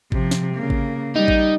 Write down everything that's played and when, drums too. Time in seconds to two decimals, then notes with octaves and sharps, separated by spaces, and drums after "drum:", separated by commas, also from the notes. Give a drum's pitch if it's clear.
0.12 C3 F3, drum: kick A1
0.31 drum: snare
0.55 C#3 A#3
0.70 drum: kick A1
1.16 G3 D#4
1.28 drum: kick A1